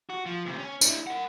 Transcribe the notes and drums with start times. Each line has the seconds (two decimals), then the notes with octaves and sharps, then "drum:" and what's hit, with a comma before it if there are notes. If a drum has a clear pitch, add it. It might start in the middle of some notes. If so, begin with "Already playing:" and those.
0.10 F#4
0.26 F3
0.45 D2 C3
0.58 C#4
0.81 D4 E4, drum: tambourine
1.07 A#4 F#5